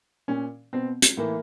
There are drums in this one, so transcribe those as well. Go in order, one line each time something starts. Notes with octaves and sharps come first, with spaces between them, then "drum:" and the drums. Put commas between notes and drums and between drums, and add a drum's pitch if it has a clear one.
A#2 C#4
B2 C4
drum: hi-hat
A2 E3 A#3